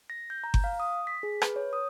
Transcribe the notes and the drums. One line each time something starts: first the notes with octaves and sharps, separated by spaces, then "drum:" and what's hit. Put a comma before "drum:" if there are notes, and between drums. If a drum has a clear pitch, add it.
A#6
G6
A#5
drum: kick G1
F5
D#6
B6
G#4
B4, drum: rim click
C#5
D#6